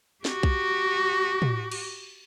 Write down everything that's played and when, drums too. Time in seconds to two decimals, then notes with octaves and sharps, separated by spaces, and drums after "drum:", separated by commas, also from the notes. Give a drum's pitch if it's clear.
0.25 F#4 G4, drum: snare
0.43 drum: kick B1
1.42 drum: tom
1.72 drum: cymbal